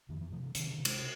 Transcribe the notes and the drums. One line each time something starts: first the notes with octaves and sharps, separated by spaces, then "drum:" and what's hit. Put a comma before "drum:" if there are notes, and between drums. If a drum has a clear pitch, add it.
F2 D#3
E3
C3 F3
E3
C3 D#3, drum: hi-hat
D#3
C3
G#3, drum: cymbal